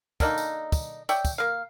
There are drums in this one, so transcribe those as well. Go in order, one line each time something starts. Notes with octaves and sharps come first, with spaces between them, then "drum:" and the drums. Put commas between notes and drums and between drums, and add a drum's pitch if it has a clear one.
D3 A#3 D4 D#4, drum: kick, tambourine
drum: tambourine
drum: kick, tambourine
C#5 D5 E5 G5, drum: tambourine
drum: kick, tambourine
A#3 F5